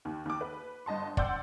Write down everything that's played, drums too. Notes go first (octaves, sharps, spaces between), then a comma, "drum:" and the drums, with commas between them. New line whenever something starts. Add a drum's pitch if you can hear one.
D#2
D#2 D6
B4
G1 D#5 A5 C6
D5 F#5 G5 C6 E6 G6, drum: kick